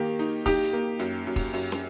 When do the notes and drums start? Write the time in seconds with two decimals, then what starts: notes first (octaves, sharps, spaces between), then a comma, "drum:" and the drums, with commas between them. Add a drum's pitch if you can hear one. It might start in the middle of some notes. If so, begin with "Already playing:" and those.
Already playing: D#3 A#3 G4
0.19 D#4
0.46 D#4 G4, drum: kick, open hi-hat
0.64 drum: hi-hat
0.73 A#3
0.99 F#2, drum: hi-hat
1.27 F#2
1.36 drum: kick, open hi-hat
1.53 F#2, drum: open hi-hat
1.72 drum: snare